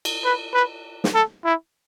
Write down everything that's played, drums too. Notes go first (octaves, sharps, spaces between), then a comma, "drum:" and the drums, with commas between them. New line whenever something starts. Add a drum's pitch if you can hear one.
drum: cymbal
B4
B4
drum: snare
A4
E4